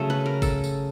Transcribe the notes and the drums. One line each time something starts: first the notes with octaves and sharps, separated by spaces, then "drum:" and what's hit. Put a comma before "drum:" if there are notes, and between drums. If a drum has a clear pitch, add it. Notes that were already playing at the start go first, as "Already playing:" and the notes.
Already playing: C#3 F#3 A3 A4
B4
A#4
A4, drum: kick, tambourine
drum: tambourine